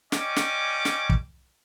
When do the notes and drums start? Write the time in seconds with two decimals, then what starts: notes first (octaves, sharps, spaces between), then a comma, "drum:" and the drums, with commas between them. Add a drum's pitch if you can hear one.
0.12 G3 C#4 D#5 G#5 D6, drum: snare
0.36 drum: snare
0.85 drum: snare
1.10 drum: kick